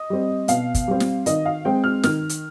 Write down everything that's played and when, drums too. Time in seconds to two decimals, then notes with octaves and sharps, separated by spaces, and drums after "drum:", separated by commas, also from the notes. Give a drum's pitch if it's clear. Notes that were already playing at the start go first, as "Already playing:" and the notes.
Already playing: D#5
0.10 G3 C4
0.48 B2 F5, drum: hi-hat
0.74 drum: kick, hi-hat
0.88 G3 C4
1.00 drum: snare
1.26 D#3 D#5, drum: hi-hat
1.45 F5
1.65 G#3 C4 G5
1.84 F6
2.03 D#3 F6, drum: snare
2.29 drum: hi-hat